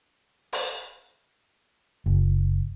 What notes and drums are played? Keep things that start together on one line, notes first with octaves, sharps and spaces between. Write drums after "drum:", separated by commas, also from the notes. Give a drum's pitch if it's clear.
drum: open hi-hat
F#1